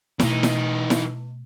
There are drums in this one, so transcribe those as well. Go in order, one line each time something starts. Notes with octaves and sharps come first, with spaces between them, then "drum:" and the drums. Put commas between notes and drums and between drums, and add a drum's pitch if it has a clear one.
B2 E3 A3 D#4, drum: snare E4
drum: snare E4
drum: snare E4